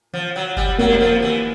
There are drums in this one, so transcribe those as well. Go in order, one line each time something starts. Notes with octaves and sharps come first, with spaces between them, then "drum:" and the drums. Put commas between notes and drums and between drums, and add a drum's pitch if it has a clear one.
F3, drum: tom D#3
F#3
G3, drum: kick F#1
F#3 A#3
F3
E3